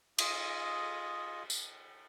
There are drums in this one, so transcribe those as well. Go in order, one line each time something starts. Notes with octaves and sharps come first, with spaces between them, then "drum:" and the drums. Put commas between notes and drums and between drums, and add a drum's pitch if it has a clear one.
F4 G#4 D#5, drum: cymbal
drum: tambourine